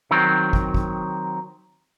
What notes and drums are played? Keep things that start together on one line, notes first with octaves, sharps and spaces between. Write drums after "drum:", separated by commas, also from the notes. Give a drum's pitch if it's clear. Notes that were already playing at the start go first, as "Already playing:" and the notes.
D#3 F#3 C4
drum: kick
drum: kick